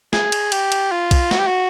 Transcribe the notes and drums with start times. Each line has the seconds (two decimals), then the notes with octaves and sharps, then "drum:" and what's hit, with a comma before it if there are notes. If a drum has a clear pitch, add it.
0.13 G#4, drum: snare
0.32 drum: cymbal
0.52 G4, drum: cymbal
0.72 drum: cymbal
0.92 F4
1.11 drum: kick B1, cymbal
1.31 F#4, drum: snare
1.39 G4
1.47 F#4